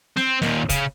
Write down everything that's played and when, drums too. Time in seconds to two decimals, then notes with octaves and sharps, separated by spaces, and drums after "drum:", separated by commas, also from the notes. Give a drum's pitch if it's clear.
0.17 C4, drum: snare
0.42 D#2 A#2, drum: snare
0.69 C#3, drum: kick, hi-hat